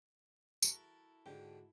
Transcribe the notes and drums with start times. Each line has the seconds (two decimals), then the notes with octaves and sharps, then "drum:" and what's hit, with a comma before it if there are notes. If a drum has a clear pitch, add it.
0.62 E4 F#4 A4 A#4, drum: tambourine
1.26 G#2 D3 G#3 D4 F#4 G4